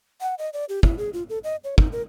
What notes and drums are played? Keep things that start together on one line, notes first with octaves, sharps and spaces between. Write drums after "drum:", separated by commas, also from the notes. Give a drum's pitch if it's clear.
F#5
D#5
D5
G4
E4, drum: kick
G#4
F4
A4
D#5
C#5
D#4, drum: kick
A#4